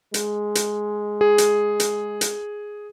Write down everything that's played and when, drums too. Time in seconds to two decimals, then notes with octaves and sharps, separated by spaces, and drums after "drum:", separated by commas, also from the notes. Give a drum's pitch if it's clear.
0.14 G#3, drum: hi-hat
0.55 drum: hi-hat
1.21 G#4
1.38 drum: hi-hat
1.80 drum: hi-hat
2.21 drum: hi-hat